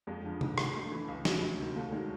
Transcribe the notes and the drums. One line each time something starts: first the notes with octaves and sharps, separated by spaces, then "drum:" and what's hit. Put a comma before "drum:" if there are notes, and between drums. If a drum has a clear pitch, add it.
F2 G#3
D3 F3
G#2, drum: tom
D#3 F#3, drum: rim click
G2 A3
E3
C#2
B2 F#3, drum: snare
D2
C3 D#3 F#3
D#2 A3
D#3 F#3 G#3